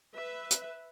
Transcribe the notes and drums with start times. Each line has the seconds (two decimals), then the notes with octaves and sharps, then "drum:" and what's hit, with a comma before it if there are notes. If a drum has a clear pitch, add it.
0.14 B4 E5
0.51 drum: hi-hat